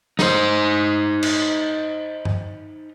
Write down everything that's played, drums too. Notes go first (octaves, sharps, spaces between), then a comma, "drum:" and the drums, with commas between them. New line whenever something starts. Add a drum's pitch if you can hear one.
D#4 C5, drum: snare
drum: cymbal
drum: tom